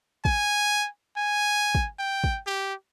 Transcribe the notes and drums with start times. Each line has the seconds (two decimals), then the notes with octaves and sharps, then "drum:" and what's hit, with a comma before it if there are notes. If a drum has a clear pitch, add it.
0.25 G#5, drum: kick
1.17 G#5
1.75 drum: kick
1.99 G5
2.24 drum: kick
2.47 G4